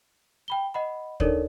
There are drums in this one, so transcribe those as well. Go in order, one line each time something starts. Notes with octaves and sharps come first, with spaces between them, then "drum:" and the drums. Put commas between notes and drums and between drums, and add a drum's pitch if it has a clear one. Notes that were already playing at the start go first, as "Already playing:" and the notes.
G5 B5 G7
D#5 F#5 B5
D4 D#4 A4 A#4 C#5 D5, drum: kick